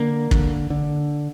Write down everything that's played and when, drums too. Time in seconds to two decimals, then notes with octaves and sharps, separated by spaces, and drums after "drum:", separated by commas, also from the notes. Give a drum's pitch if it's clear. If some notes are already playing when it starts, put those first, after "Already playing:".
Already playing: D3 A#3
0.31 D3, drum: kick
0.70 D3